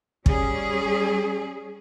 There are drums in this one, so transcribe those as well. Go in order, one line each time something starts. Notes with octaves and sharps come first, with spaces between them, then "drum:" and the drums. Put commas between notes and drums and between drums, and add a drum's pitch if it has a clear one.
G3 C#4 G#4, drum: kick